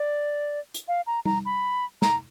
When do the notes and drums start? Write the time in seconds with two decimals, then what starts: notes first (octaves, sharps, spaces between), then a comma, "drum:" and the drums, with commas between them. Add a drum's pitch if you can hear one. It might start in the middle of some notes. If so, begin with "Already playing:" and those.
Already playing: D5
0.74 drum: hi-hat
0.88 F5
1.07 A#5
1.25 A#5, drum: tom G3
1.45 B5
2.02 A#5, drum: snare